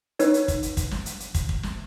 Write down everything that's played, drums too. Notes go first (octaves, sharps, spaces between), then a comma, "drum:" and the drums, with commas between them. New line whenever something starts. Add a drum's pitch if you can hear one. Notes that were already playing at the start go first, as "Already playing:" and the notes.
D#4 B4 C#5, drum: hi-hat
drum: hi-hat
drum: kick, hi-hat
drum: hi-hat
drum: kick, hi-hat
drum: snare
drum: hi-hat
drum: hi-hat
drum: kick, hi-hat
drum: kick
drum: snare